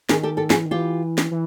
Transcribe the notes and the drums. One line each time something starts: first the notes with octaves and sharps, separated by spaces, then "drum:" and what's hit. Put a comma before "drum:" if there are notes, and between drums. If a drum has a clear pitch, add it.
D#3 G#4 A#4, drum: snare
G4 A4
G4 A4
F3 F#4 G#4, drum: snare
E3
D#3
E3 F4 G4
drum: snare
E3